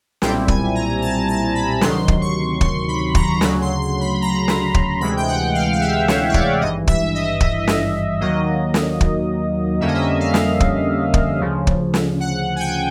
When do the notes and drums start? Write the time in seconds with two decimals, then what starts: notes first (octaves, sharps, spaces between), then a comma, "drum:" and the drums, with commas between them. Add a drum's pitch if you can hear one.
0.22 B1 A#2 G3 C4 E4 G5, drum: snare
0.48 G#5, drum: kick
0.75 A#5
1.02 A5
1.28 A5
1.55 B5
1.81 D2 C3 D#3 F#3 C6, drum: snare
2.08 drum: kick
2.21 C#6
2.61 C6, drum: kick
2.88 B5
3.15 A#5, drum: kick
3.41 D2 C#3 F#3 B5, drum: snare
3.62 C6
3.82 C6
4.01 B5
4.21 A#5
4.48 drum: snare
4.75 drum: kick
5.01 D2 C3 E3 G#3 B5
5.17 G5
5.28 F#5
5.54 F5
5.73 F5
5.81 E5
6.08 C#5, drum: snare
6.29 C#5
6.34 D5, drum: kick
6.61 G#1 G2 E3 D#5
6.88 E5, drum: kick
7.15 D#5
7.41 D#5, drum: kick
7.67 drum: snare
8.20 D#2 D#3 F#3 A#3 D#5
8.74 drum: snare
9.01 drum: kick
9.80 F2 D3 G3 A#3 C#4 E5
9.88 D#5
9.95 E5
10.20 F5
10.34 drum: snare
10.60 drum: kick
11.14 drum: kick
11.41 D2 C#3 F3
11.67 drum: kick
11.94 drum: snare
12.20 F#5
12.56 G#5
12.60 G5